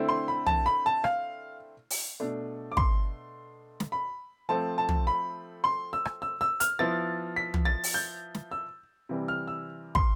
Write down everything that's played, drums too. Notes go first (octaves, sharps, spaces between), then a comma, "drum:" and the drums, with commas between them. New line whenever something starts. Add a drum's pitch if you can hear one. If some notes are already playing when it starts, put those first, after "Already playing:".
Already playing: D3 A3 C4 E4
C6
B5
A5, drum: tom
B5
A5
F5, drum: rim click
drum: open hi-hat
B2 A3 D4
D6
C6, drum: kick
drum: snare
B5
F3 A3 C4 A5
A5
drum: tom
B5
C6
E6
drum: rim click
E6
E6
F6, drum: hi-hat
F3 B3 E4 A6
B6
drum: tom
A6
drum: open hi-hat
G6
drum: snare
E6
C3 E3 G3
F6
E6
C6, drum: kick